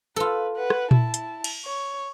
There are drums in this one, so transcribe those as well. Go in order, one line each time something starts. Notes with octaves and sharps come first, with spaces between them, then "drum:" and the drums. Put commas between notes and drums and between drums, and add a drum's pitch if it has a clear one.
F4 A4 B4
B4 F#5
drum: rim click
E4 A5, drum: tom A#2
drum: hi-hat
drum: cymbal
C#5